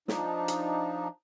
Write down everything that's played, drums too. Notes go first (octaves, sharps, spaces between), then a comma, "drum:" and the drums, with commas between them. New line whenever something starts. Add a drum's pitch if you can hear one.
F3 D4 D#4, drum: snare
drum: hi-hat